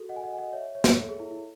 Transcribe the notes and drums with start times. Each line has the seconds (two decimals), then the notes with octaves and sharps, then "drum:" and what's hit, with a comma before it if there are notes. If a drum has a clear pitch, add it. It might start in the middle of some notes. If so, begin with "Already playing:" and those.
Already playing: F#4 G#4 A4
0.09 D#5 F#5
0.16 G#5
0.23 D#5 F#5
0.33 G#5
0.38 D#5 F#5
0.53 C#5 E5
0.75 C#5
0.84 drum: snare
1.03 A4
1.09 G#4
1.20 E4
1.31 E4